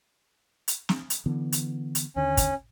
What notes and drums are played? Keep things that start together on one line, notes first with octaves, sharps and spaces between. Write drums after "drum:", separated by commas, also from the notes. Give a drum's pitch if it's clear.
drum: hi-hat
drum: snare
drum: hi-hat
D3 E3 B3
drum: hi-hat
drum: hi-hat
D#2 D3 C#4
drum: kick, hi-hat